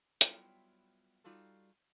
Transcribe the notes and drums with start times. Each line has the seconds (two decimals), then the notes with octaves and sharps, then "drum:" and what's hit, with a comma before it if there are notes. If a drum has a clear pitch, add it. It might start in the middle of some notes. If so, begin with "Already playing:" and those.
0.21 F#3 G3 B3 E4 F4 G5, drum: hi-hat
1.24 G3 D#4 F4 F#4 A4